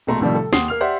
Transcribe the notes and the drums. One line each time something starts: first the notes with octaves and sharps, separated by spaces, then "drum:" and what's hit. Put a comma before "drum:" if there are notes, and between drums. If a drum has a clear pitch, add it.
A#1 B2 A3 A#5 C6
A2 C3 D#3 F3 G3
A4
D#2 F#5 C6 D#6 C7, drum: snare
A#3 F6 F7
G4 C5 D5 E5 F#5